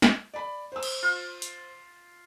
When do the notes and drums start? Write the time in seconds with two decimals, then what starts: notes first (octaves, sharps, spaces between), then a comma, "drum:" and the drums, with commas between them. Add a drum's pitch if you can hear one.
0.02 drum: snare
0.34 D5 B5
0.72 C5 E6
0.83 drum: cymbal
1.03 F4
1.42 drum: hi-hat